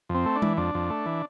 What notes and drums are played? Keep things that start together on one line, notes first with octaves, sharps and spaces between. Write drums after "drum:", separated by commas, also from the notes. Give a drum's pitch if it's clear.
F2
C4
A3
D4
E3, drum: tom G#3
F2 D4
F2
A3
E3